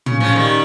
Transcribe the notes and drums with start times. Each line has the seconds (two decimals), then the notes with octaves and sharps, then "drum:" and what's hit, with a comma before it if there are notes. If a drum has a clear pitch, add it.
0.06 C#3, drum: tom
0.20 C#3 F3
0.35 D#3 G3